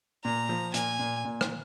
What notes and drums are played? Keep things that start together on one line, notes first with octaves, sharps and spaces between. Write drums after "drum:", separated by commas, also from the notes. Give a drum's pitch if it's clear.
A#2 A#5
F3
A#2 G#5, drum: hi-hat
A#2
A#2
drum: rim click